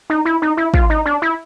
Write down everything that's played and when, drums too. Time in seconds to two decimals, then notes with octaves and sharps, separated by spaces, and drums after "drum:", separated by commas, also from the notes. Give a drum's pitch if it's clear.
0.10 D#4
0.25 E4
0.42 D#4
0.57 E4
0.74 F4, drum: kick
0.90 D#4
1.05 D4
1.22 E4